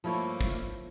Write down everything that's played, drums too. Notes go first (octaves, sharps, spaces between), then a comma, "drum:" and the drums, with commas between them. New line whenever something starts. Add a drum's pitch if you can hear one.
G2 F3 A3 A#3 E4 C#5, drum: tambourine
drum: kick, tambourine
drum: tambourine